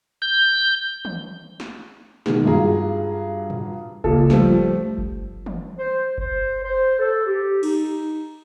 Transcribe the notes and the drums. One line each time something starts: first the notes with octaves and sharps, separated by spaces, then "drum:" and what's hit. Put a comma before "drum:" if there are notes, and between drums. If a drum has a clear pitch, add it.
G6
drum: tom
drum: snare
B2 D#3 G#3, drum: snare
G2 F4 F#4 G#4 A#5
drum: tom
C#2 A#2 F4 A4, drum: kick F#1
F3 G3 A3, drum: snare
drum: kick F#1
drum: tom
C5
C5, drum: kick F#1
C5
A4
G4
D#4, drum: cymbal